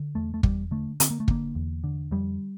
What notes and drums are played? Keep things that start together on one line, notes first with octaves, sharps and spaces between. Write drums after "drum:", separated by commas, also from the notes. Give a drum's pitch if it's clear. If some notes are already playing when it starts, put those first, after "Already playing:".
Already playing: D3
E2 A3
A3
E2 G3, drum: kick
D3 A3
D3 C4, drum: hi-hat
A#3
A3
D3 A#3, drum: kick
E2
D3
F2 G3